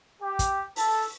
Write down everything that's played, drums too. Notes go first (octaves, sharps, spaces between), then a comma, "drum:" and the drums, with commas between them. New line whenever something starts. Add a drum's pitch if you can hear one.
G4
drum: kick, hi-hat
A4, drum: open hi-hat